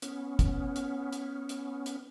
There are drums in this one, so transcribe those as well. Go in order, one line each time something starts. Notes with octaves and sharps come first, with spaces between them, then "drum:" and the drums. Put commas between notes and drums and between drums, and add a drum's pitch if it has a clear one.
B3 C#4, drum: hi-hat
drum: kick, hi-hat
drum: hi-hat
drum: hi-hat
drum: hi-hat
drum: hi-hat